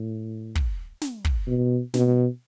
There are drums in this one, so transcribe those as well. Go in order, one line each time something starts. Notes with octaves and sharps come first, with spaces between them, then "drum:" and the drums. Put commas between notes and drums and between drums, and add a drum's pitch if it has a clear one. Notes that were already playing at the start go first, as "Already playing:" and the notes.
Already playing: A2
drum: kick
drum: snare
drum: kick
B2
B2, drum: snare